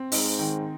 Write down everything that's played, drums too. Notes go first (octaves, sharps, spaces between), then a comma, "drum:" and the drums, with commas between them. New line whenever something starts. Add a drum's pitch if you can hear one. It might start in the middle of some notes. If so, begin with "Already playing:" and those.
Already playing: C4
G#2 D#4, drum: open hi-hat
D#3